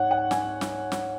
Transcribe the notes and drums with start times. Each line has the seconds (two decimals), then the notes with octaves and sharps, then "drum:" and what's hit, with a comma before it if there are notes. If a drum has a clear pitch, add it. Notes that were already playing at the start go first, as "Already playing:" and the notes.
Already playing: G#2 C#5 F#5
0.11 F#5
0.31 G#5, drum: snare
0.61 drum: snare
0.92 drum: snare